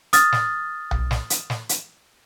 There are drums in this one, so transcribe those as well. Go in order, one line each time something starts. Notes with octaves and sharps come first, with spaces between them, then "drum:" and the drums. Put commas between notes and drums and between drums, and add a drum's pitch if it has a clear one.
D#6 F6 A6, drum: hi-hat
drum: snare
drum: tom B1
drum: snare
drum: hi-hat
drum: snare
drum: hi-hat